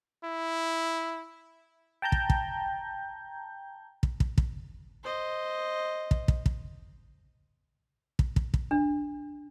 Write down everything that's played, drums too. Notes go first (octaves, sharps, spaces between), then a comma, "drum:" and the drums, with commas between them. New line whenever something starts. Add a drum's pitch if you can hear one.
E4
G5 A5 A#5 G6
drum: kick
drum: kick
drum: kick
drum: kick
drum: kick
C5 D#5
drum: kick
drum: kick
drum: kick
drum: kick
drum: kick
drum: kick
D4